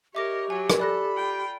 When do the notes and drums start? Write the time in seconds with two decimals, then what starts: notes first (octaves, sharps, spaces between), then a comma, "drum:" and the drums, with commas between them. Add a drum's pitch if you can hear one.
0.15 G4 A#4 C#5 D#5 E5 D6 A#6
0.50 F#3 C#5 G#5
0.70 drum: rim click
0.79 A4 D5 B5 F#6 A#6
1.13 F4 G5